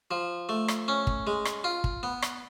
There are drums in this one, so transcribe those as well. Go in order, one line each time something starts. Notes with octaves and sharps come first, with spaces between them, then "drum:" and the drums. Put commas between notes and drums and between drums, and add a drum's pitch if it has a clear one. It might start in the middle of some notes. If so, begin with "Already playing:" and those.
F3
A3
drum: rim click
C#4
drum: kick
G#3
drum: rim click
F4
drum: kick
B3
drum: rim click